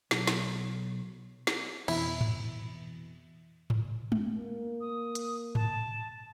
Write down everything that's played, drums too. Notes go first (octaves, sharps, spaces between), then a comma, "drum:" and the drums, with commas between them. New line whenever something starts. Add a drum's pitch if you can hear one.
B1, drum: snare
drum: snare
drum: snare
F2 B2 E3 E4, drum: cymbal
drum: tom G#2
drum: tom G#2
drum: tom G#3
A#3
D#6
drum: hi-hat
A5, drum: tom G#2